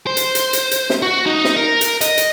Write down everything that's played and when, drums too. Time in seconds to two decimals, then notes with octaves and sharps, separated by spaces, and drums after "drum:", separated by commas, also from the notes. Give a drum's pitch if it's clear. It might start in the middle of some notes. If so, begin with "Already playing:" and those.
0.07 C5
0.17 drum: hi-hat
0.35 drum: hi-hat
0.53 drum: hi-hat
0.71 drum: hi-hat
0.90 drum: snare
1.02 F#4
1.26 D#4
1.44 drum: snare
1.56 A#4
1.81 drum: hi-hat
2.01 D#5, drum: hi-hat
2.17 drum: hi-hat